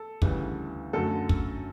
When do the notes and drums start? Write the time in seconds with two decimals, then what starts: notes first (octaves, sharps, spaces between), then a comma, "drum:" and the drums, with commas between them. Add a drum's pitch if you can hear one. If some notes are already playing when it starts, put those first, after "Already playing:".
Already playing: A4
0.22 D2 C#3 E3 G3, drum: kick
0.93 F#2 D3 F#3 A3 A4
1.29 drum: kick